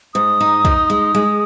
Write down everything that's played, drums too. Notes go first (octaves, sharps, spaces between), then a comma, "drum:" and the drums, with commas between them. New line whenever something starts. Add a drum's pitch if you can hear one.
G#2 D#6
D#4
D#4, drum: kick
G#3
G#3